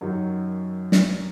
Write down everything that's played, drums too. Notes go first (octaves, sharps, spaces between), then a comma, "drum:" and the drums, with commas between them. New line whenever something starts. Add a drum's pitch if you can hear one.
F#2 D#3 F#3 D#4
drum: snare